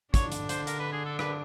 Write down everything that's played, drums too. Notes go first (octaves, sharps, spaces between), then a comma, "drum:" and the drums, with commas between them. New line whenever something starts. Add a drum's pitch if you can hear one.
D3 D4 C#5, drum: kick, hi-hat
drum: hi-hat
C5, drum: hi-hat
A#4, drum: hi-hat
B4
G#4
A4
B4, drum: rim click